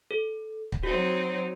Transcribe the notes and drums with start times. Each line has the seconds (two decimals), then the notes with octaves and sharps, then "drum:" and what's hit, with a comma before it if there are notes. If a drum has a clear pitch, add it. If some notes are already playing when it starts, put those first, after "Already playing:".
0.11 A4
0.72 drum: kick
0.83 F#3 C4 D#4 F#4